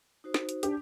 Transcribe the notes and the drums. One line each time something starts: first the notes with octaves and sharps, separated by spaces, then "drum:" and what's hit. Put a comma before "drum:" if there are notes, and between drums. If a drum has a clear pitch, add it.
D#4 F#4 C5
drum: snare
drum: hi-hat
D4 G4, drum: hi-hat